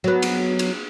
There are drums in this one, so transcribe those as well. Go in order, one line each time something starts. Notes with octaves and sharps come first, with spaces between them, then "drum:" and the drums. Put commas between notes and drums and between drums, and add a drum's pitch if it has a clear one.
F#3 B3
drum: cymbal
drum: cymbal